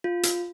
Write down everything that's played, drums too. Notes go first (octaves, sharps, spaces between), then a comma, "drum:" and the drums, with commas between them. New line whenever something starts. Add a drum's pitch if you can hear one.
F4
drum: hi-hat